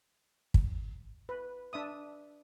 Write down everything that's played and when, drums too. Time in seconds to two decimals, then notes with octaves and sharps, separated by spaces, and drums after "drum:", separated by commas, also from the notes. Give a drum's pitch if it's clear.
0.54 drum: kick
1.29 B4
1.73 D4 E5 D#6